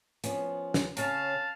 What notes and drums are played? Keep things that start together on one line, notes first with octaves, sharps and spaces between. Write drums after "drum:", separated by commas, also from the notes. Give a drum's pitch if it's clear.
F3 B3 C#4, drum: hi-hat
drum: snare
C#3 C#4 F5 A5, drum: hi-hat